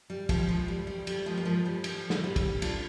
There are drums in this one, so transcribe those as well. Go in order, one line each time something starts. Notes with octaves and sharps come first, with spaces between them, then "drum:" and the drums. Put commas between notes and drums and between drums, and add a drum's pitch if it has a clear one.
G3
F3, drum: kick, cymbal
F3 G#3
G3
G3
G3, drum: cymbal
F3 G#3
A#3
F3 G#3
G3
F3, drum: cymbal
drum: snare
G3
drum: kick, cymbal
D4 F4, drum: cymbal